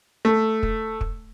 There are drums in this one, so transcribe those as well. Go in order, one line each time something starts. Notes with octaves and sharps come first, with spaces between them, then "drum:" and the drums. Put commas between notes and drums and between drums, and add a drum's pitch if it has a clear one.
A3
drum: kick
drum: kick